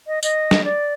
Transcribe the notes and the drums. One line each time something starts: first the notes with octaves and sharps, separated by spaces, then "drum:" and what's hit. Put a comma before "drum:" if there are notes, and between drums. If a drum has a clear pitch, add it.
D#5
D#5, drum: tambourine
drum: snare
D5